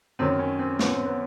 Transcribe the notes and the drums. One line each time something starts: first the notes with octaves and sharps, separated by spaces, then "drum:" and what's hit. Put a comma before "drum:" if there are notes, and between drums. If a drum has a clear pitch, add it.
F#2 D#3 C4
C#4
C4
B3, drum: snare
C4
B3